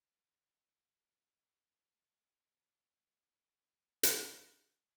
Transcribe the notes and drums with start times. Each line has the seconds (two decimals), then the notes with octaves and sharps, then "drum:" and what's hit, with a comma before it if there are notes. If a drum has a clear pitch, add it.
0.21 A2 E3 G3
1.73 F3 A3 D4 F4 B4
3.26 G3 C4 E4
4.03 drum: hi-hat
4.79 C4 E4 B4